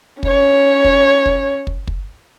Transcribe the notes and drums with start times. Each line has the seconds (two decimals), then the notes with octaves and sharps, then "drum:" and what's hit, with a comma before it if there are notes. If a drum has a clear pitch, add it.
0.23 C#4 C#5, drum: kick
0.85 drum: kick
1.26 drum: kick
1.67 drum: kick
1.87 drum: kick